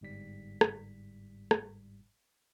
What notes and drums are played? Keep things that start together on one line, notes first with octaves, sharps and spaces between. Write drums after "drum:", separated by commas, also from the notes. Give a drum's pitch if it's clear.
G1 G#2 G3 B6
drum: rim click
drum: rim click